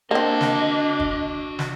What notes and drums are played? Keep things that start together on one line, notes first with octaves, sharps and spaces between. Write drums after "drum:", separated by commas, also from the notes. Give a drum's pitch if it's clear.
A#3 C4 D4 F#4 D#5 A5
drum: snare
drum: kick
drum: snare